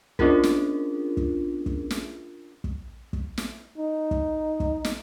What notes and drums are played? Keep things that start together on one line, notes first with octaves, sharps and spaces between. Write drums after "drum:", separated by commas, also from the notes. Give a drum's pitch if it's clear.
B3 C#4 D4 F4 G#4 A#4, drum: kick
drum: snare
drum: kick
drum: kick
drum: snare
drum: kick
drum: kick
drum: snare
D#4
drum: kick
drum: kick
drum: snare